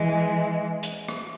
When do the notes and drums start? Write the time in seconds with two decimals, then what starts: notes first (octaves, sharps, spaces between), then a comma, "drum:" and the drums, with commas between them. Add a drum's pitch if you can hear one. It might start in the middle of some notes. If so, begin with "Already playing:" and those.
Already playing: E3 G#3
0.83 drum: hi-hat
1.09 drum: rim click